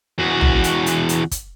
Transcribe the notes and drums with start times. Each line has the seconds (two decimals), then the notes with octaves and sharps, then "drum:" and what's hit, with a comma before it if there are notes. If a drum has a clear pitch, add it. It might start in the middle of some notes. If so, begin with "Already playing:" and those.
0.19 E2 F#4
0.41 drum: tom A#1
0.64 drum: hi-hat
0.86 drum: hi-hat
1.09 drum: hi-hat
1.31 drum: kick, hi-hat